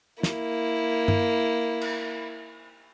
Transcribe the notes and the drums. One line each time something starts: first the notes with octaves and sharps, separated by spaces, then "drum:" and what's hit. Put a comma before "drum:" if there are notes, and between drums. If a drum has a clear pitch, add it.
A#3 E4, drum: snare
drum: tom G2
drum: cymbal